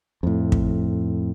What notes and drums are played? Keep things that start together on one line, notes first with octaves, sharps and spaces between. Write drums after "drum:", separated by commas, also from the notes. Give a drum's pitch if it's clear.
F2 A2
drum: kick